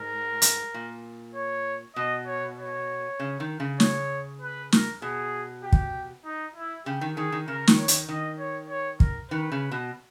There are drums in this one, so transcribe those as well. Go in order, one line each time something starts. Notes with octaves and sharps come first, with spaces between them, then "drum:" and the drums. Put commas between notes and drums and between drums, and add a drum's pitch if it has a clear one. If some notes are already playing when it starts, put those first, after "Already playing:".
Already playing: G#2 A#4
drum: hi-hat
A#2
C#5
B2 D#5
C#5
C#5
C#3
D#3
C#3
C#5, drum: snare
B4
A#4, drum: snare
B2 G#4
G4
drum: kick
D#4
E4
C#3 G4
D#3
D#3 G#4
D#3
C#3 A#4
D#3, drum: snare
C#5
D#3, drum: hi-hat
D#3 D#5
C#5
C#5
A#4, drum: kick
D#3 B4
C#3
B2